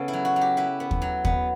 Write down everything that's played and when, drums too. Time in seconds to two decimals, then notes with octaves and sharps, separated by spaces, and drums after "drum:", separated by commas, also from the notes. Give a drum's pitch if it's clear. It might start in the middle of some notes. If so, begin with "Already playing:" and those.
Already playing: C#3 B3 A4
0.08 E4
0.13 F#3
0.25 F#4
0.36 F#3
0.41 G4
0.57 E4 B4
0.80 B3
0.91 drum: kick
1.02 F#3
1.25 B3, drum: kick